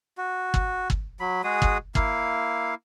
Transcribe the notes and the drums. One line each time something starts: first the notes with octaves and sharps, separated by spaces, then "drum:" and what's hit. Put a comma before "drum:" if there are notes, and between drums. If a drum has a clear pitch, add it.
F#4
drum: kick
drum: kick
F#3 B5
G#3 F#4 G#4 D#6
drum: kick
A#3 E4 F5, drum: kick